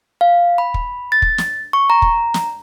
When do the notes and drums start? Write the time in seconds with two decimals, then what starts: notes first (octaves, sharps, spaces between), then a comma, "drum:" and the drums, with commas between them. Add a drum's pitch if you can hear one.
0.21 F5
0.58 B5
0.74 drum: kick
1.12 A6
1.22 drum: kick
1.38 drum: snare
1.73 C#6
1.90 A#5
2.02 drum: kick
2.34 drum: snare